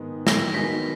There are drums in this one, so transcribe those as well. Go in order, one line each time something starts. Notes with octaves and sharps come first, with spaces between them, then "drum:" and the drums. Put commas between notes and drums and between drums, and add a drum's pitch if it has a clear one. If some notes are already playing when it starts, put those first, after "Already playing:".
Already playing: G#2 D#3 G#3 B3
A#6, drum: snare
D#3 G#3 B3 D#4 F#4 B6